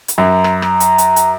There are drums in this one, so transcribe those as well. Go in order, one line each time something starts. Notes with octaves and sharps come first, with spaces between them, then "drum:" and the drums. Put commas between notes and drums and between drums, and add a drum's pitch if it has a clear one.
drum: hi-hat
F#2 A#5
drum: rim click
A#5, drum: rim click
drum: hi-hat
drum: hi-hat
drum: hi-hat